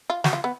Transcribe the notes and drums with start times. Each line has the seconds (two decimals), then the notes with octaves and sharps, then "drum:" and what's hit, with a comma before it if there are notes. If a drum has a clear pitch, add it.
0.10 F4
0.24 F#4, drum: snare
0.33 F4
0.44 B3